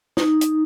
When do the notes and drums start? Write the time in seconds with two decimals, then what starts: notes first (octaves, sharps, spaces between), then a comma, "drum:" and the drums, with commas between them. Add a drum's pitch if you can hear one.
0.17 D#4, drum: snare
0.41 drum: hi-hat